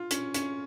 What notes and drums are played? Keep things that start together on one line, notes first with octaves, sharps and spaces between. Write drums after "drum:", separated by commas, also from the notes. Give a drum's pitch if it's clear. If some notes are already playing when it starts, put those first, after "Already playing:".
Already playing: F4
C#4, drum: hi-hat
C#4, drum: hi-hat